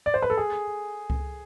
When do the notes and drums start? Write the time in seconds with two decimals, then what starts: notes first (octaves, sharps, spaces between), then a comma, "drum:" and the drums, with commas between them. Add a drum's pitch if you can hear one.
0.06 D5
0.14 C5
0.22 B4
0.30 A4
0.37 G#4
1.10 drum: kick C#2